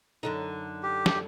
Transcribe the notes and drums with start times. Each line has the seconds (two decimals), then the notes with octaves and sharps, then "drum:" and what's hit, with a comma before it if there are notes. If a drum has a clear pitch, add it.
0.23 F#2 D3 D#4
0.83 G4
1.06 drum: snare